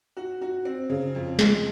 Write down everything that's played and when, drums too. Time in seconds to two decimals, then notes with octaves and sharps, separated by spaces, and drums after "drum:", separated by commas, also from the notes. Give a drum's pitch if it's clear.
0.17 F#4
0.41 F#4
0.65 C4
0.90 C#3
1.15 F2
1.39 G#3, drum: snare